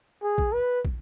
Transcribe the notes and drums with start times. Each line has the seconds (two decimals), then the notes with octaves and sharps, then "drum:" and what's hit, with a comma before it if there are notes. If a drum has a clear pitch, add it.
0.23 G#4
0.38 drum: kick
0.53 B4
0.85 drum: kick